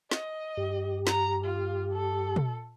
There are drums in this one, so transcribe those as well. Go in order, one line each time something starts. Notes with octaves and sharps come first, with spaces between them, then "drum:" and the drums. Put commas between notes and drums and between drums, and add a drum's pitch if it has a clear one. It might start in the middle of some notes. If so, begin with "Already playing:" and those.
D#5, drum: snare
G2 G4
A#5, drum: snare
F4
A4
drum: tom